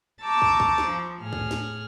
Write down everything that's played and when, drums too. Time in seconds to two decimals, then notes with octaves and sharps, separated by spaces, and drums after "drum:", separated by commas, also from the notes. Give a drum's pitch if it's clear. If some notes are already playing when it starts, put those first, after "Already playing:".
0.23 A5 A#5 C#6 D6 E6 G6
0.42 drum: kick
0.60 drum: kick
0.78 drum: snare
0.88 F3
1.22 A2 G#4 F6
1.33 drum: kick
1.51 drum: snare